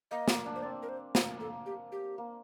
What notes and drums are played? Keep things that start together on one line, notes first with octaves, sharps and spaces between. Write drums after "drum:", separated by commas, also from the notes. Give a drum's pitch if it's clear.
A#3 D#5
A#3, drum: snare
D4
C5
C4 D5
A#4
C5
A#3 C5, drum: snare
A4
G4
G4
A#3